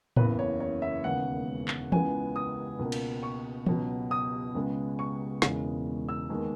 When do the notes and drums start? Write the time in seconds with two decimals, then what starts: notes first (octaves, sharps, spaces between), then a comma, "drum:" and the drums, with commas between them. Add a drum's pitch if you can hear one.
0.16 F#1 E2 C#3 B4, drum: tom A2
0.39 C#5
0.60 C#5
0.82 E5
1.04 E1 D#2 C#3 G#3 B3 F#5
1.68 drum: clap
1.92 C#2 C#3 E3 G#3 B3 G#5, drum: tom E3
2.36 D#6
2.79 C#2 B2 A#3
2.92 drum: cymbal
3.23 C#6
3.66 C#2 B2 F#3, drum: tom E3
4.11 D#6
4.55 C#2 C#3 G#3 B3
4.99 C#6
5.42 E1 E2 C#3 G#3, drum: snare
6.09 E6
6.30 D#2 D#3 G#3 B3